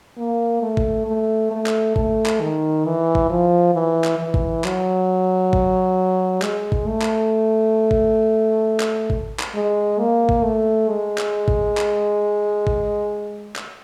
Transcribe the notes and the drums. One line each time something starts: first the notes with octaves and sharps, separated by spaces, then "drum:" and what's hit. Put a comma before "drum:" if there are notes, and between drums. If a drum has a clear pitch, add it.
A#3
A3
drum: kick G#1
A3
A3
drum: clap
A3, drum: kick G#1
drum: clap
D#3
E3
drum: kick G#1
F3
E3
drum: clap
E3
drum: kick G#1
F#3, drum: clap
drum: kick G#1
G#3, drum: clap
drum: kick G#1
A3
drum: clap
drum: kick G#1
drum: clap
drum: kick G#1
drum: clap
G#3
A#3
drum: kick G#1
A3
G#3
drum: clap
drum: kick G#1
drum: clap
drum: kick G#1
drum: clap